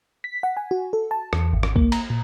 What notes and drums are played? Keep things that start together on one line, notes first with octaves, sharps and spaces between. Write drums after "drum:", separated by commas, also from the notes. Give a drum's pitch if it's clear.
B6
F#5
G#5
F#4
A4
A5
E2, drum: rim click
G#1
drum: rim click
A#3, drum: kick C2
A#5, drum: cymbal
A#2